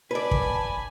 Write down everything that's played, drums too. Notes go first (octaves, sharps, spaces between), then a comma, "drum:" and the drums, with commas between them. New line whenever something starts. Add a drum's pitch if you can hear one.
B4 D5 G#5 A5 B5
drum: kick